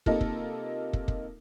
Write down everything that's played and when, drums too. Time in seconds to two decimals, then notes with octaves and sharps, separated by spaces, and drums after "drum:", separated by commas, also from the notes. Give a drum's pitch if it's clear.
0.06 C3 A#3 D#4 F4 A4 A#4, drum: kick
0.21 drum: kick
0.93 drum: kick
1.08 drum: kick